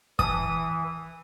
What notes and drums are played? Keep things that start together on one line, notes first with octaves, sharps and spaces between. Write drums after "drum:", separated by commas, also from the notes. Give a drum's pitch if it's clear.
E3 D#6, drum: kick